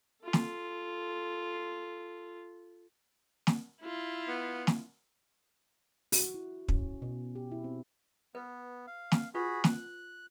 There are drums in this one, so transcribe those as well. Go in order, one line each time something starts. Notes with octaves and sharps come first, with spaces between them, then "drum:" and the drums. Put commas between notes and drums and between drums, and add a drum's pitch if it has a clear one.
F4 A4
drum: snare
drum: snare
E4 F4
B3
drum: snare
F#4, drum: open hi-hat
E4
C#4, drum: kick
B2
G4
E4
C4
B3 B4
F5
drum: snare
F4 F#4 G#4 B4 B5
F#6, drum: snare